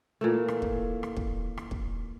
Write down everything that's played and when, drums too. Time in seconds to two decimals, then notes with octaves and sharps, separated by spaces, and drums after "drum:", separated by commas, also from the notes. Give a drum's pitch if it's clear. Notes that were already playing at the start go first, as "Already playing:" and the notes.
0.21 A#2 E3 A3
0.48 drum: rim click
0.62 drum: kick
1.03 drum: rim click
1.17 drum: kick
1.57 drum: rim click
1.71 drum: kick